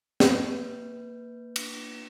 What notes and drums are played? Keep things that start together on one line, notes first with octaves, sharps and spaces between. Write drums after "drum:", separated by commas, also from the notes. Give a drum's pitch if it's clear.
A#3 B4 G6, drum: snare
drum: cymbal